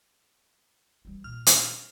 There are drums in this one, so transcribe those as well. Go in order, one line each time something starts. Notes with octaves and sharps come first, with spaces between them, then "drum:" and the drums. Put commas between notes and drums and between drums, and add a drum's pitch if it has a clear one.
E3 G3
A#2 F6
drum: hi-hat